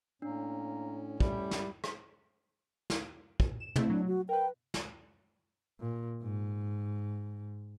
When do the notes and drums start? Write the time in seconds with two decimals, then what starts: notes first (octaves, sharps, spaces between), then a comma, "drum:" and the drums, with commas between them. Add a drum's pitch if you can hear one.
0.22 A2 A#3 C#4 D4
1.20 G3 E4, drum: kick
1.51 drum: snare
1.84 drum: rim click
2.90 drum: snare
3.40 drum: kick
3.60 E7
3.76 A3 C4 E4, drum: tom
3.90 F#3 D4
4.07 F#4
4.29 A#4 B4 G5
4.74 drum: snare
5.80 A#2
6.23 G#2